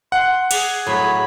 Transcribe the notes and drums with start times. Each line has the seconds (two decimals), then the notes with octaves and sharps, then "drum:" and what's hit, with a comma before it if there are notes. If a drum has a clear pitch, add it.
0.12 F#5 C6
0.51 G#4 D5, drum: cymbal
0.87 A2 F#3 C#5 B5